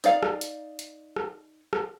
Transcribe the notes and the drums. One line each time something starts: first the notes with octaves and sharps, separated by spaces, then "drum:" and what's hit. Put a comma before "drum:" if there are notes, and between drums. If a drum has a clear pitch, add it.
D#4 D5 F5, drum: hi-hat
drum: rim click
drum: hi-hat
drum: hi-hat
drum: rim click
drum: rim click